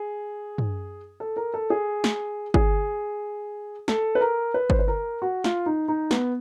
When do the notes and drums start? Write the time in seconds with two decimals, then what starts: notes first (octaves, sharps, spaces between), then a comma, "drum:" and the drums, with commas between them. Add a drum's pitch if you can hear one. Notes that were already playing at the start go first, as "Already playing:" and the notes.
Already playing: G#4
0.58 drum: tom
1.20 A4
1.36 A#4
1.54 A4
1.70 G#4
2.04 drum: snare
2.54 G#4, drum: kick G1
3.88 A4, drum: snare
4.15 B4
4.21 A#4
4.54 B4
4.70 C5, drum: kick G1
4.79 B4
4.88 A#4
5.22 F#4
5.44 F4, drum: snare
5.66 D#4
5.88 D#4
6.11 B3, drum: snare